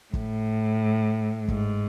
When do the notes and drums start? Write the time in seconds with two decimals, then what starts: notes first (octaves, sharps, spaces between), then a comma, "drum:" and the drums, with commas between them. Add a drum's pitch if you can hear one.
0.13 A2, drum: kick
1.48 G#2, drum: kick